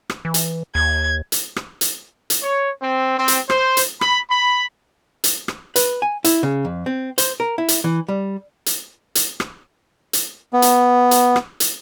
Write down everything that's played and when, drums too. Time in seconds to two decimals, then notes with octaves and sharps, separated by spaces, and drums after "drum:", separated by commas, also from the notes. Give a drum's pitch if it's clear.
0.10 drum: rim click
0.25 E3
0.34 drum: hi-hat
0.75 D#2 G#6
1.32 drum: hi-hat
1.56 drum: rim click
1.81 drum: hi-hat
2.30 drum: hi-hat
2.43 C#5
2.82 C4
3.18 C4
3.28 drum: hi-hat
3.50 C5, drum: rim click
3.77 drum: hi-hat
4.01 B5, drum: rim click
4.30 B5
5.24 drum: hi-hat
5.48 drum: rim click
5.76 B4, drum: hi-hat
6.02 G#5
6.24 E4, drum: hi-hat
6.43 C#3
6.65 F2
6.86 C4
7.18 C5, drum: hi-hat
7.40 A#4
7.58 E4
7.68 drum: hi-hat
7.84 E3
8.08 G3
8.66 drum: hi-hat
9.15 drum: hi-hat
9.40 drum: rim click
10.13 drum: hi-hat
10.53 B3
10.62 drum: hi-hat
11.11 drum: hi-hat
11.36 drum: rim click
11.60 drum: hi-hat